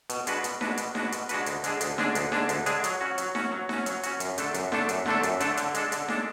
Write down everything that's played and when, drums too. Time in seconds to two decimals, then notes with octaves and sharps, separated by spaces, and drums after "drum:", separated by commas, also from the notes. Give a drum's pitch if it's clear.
0.10 B2, drum: hi-hat
0.27 G#3 D4 F#4 B4, drum: hi-hat
0.44 B2, drum: hi-hat
0.61 G#3 D4 F#4 B4, drum: snare D#4
0.77 B2, drum: hi-hat
0.95 G#3 D4 F#4 B4, drum: snare D#4
1.12 B2, drum: hi-hat
1.29 G#3 D4 F#4 B4, drum: hi-hat
1.46 D2, drum: hi-hat
1.64 D3 G#3 D4 G#4, drum: hi-hat
1.81 D2, drum: hi-hat
1.98 D3 G#3 D4 G#4, drum: snare D#4
2.15 D2, drum: hi-hat
2.32 D3 G#3 D4 G#4, drum: snare D#4
2.49 D2, drum: hi-hat
2.66 D3 G#3 D4 G#4, drum: hi-hat
2.84 F#3, drum: hi-hat
3.01 C#4 F#4
3.18 F#3, drum: hi-hat
3.35 C#4 F#4, drum: snare D#4
3.52 F#3
3.69 C#4 F#4, drum: snare D#4
3.86 F#3, drum: hi-hat
4.03 C#4 F#4, drum: hi-hat
4.20 F#2, drum: hi-hat
4.38 D3 A3 D4 A4, drum: hi-hat
4.54 F#2, drum: hi-hat
4.72 D3 A3 D4 A4, drum: snare D#4
4.89 F#2, drum: hi-hat
5.06 D3 A3 D4 A4, drum: snare D#4
5.23 F#2, drum: hi-hat
5.40 D3 A3 D4 A4, drum: hi-hat
5.57 D3, drum: hi-hat
5.75 G#3 D4 A4, drum: hi-hat
5.92 D3, drum: hi-hat
6.08 G#3 D4 A4, drum: snare D#4